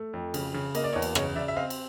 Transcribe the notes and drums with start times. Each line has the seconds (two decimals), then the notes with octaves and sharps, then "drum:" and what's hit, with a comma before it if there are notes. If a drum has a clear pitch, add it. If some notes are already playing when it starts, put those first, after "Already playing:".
Already playing: A3
0.13 F2
0.34 C#3, drum: cymbal
0.54 C#3
0.75 A#3 D#5, drum: cymbal
0.84 D5
0.93 E2 C#5 D#5
1.02 drum: cymbal
1.15 C#3 C#5 D#5, drum: rim click
1.36 C#3 D5 E5
1.48 E5
1.56 C4 D#5 F5
1.70 drum: cymbal